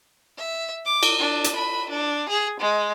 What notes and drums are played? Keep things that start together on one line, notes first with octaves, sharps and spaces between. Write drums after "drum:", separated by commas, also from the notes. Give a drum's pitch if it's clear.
E5
D6
drum: cymbal
D4
drum: hi-hat
B5
D4
G#4
G#3